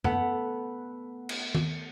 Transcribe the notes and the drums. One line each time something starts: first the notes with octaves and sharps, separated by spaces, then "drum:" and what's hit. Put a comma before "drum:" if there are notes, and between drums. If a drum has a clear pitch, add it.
A3 B3 F#5, drum: tom F#2
drum: cymbal
drum: tom D#3